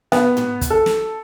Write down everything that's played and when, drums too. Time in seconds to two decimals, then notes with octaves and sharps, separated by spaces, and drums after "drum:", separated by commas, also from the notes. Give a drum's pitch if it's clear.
0.12 B3, drum: snare
0.37 drum: tom
0.61 drum: kick, hi-hat
0.70 A4
0.86 drum: snare